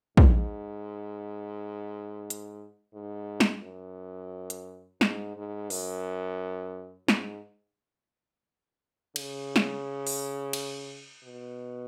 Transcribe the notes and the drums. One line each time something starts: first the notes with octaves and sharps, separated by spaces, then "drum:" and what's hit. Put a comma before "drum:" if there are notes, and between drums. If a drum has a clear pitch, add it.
G#2, drum: kick
drum: hi-hat
G#2
drum: snare
F#2
drum: hi-hat
G#2, drum: snare
G#2
F#2, drum: open hi-hat
G#2, drum: snare
C#3, drum: cymbal
drum: snare
drum: open hi-hat
drum: cymbal
B2